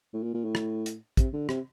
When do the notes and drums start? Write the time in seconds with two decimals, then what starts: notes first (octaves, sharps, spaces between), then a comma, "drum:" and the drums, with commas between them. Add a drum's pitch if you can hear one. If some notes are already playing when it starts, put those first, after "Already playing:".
0.13 A2
0.23 A#2
0.34 A#2
0.45 A2
0.55 drum: rim click
0.86 drum: hi-hat
1.17 C3, drum: kick, hi-hat
1.33 D3
1.49 C3, drum: rim click